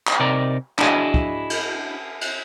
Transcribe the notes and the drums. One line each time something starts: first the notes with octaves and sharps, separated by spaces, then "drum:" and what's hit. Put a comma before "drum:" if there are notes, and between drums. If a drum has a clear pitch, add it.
drum: clap
C3 D#4 A#4 D5
D4 E4 F#4 G#4 D#5, drum: clap
drum: kick
drum: cymbal
drum: cymbal